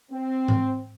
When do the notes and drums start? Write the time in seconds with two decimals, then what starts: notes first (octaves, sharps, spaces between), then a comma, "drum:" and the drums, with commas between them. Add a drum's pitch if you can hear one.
0.11 C4
0.48 drum: tom G2